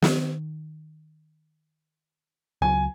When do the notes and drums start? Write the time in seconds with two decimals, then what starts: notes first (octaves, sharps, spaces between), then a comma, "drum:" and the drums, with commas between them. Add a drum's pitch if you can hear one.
0.02 D#3, drum: snare
2.62 C#2 F#3 G#5